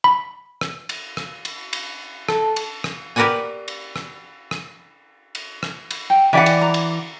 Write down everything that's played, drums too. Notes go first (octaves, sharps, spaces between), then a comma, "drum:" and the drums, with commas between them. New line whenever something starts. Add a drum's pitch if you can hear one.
B5
drum: rim click
drum: cymbal
drum: rim click
drum: cymbal
drum: cymbal
A4, drum: rim click
drum: cymbal
drum: rim click
G4 A#4 B4 D5 F#5 G#5
drum: cymbal
drum: rim click
drum: rim click
drum: cymbal
drum: rim click
drum: cymbal
G5
E3 G4 D5 D#5 F#5 G#5
drum: cymbal
A#5
drum: cymbal